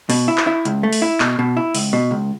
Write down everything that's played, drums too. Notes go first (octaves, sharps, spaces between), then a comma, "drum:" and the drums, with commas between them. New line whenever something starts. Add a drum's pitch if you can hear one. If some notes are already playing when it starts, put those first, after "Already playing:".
B2, drum: open hi-hat
E4
drum: clap
E4
C#2, drum: hi-hat
A3
drum: open hi-hat
E4
B2, drum: clap
B2
E4
C#2, drum: open hi-hat
B2
C#2